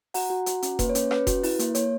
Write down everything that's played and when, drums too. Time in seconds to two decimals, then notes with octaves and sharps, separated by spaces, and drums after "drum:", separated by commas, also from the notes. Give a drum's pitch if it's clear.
0.14 F#4 F#5 A#5, drum: open hi-hat
0.30 F#4
0.46 F#4, drum: hi-hat
0.62 C#4, drum: hi-hat
0.79 A#3 B4, drum: kick F1, hi-hat
0.89 C#5
0.95 C#4, drum: hi-hat
1.11 C#4 B4, drum: rim click
1.27 F#4, drum: kick F1, hi-hat
1.43 E4, drum: open hi-hat
1.59 A#3, drum: hi-hat
1.75 A#3 C#5, drum: hi-hat